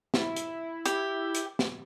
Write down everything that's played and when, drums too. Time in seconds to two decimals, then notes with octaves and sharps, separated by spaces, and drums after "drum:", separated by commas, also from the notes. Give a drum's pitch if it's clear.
0.14 E4, drum: snare
0.36 drum: hi-hat
0.86 G4, drum: hi-hat
1.35 drum: hi-hat
1.59 drum: snare